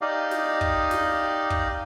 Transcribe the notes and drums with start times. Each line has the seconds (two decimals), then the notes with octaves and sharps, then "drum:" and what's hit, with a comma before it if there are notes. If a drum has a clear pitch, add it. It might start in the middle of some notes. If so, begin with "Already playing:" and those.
0.01 D#4 G4 D5 D#5 F5
0.31 drum: snare
0.61 drum: kick
0.91 drum: snare
1.50 drum: kick